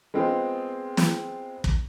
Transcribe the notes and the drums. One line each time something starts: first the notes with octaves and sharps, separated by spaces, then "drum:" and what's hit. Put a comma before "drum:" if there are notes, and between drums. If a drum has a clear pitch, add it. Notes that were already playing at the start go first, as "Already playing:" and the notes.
G#3 B3 C4 F4 G#4
drum: snare
drum: kick